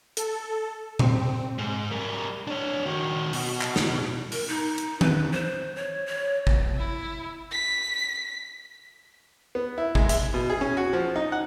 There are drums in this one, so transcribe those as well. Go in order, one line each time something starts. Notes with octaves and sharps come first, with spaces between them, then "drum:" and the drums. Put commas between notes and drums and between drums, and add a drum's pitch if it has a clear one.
A4, drum: hi-hat
C4, drum: tom A#2
G#2
G3 A#4
D4 C#5
D#3 F#4
B2, drum: open hi-hat
drum: clap
drum: snare
A#4, drum: open hi-hat
D#4
drum: hi-hat
B4, drum: tom D#3
C5
C#5
C#5
drum: kick
E4
B6
B3
E4
G#3, drum: kick
E5, drum: hi-hat
B2
G#4
C#4
F#4
F3
D#4
F#5